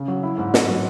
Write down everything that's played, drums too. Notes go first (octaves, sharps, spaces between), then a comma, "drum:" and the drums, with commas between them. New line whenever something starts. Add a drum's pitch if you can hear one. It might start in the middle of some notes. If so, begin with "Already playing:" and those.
Already playing: C#3
F#3
E4
G#2
A2, drum: snare
F#3